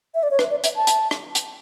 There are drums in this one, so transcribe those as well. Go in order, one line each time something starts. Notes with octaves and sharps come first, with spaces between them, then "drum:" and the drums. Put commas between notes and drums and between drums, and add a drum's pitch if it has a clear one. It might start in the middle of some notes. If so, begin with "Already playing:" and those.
E5
D5
C#5
B4, drum: rim click
D5
E5, drum: hi-hat
A5
drum: hi-hat
drum: rim click
drum: hi-hat